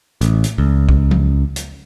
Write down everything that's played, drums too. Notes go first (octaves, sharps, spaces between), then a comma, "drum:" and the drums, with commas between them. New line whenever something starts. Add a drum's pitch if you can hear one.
A1, drum: hi-hat
drum: hi-hat
C#2
drum: kick
drum: tom
drum: hi-hat